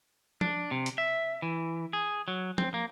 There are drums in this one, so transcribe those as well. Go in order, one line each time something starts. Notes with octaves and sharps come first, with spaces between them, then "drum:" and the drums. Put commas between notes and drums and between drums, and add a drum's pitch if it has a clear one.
D4, drum: tom F3
C3
drum: hi-hat
E5
E3
G#4
F#3
C4, drum: tom F3
A#3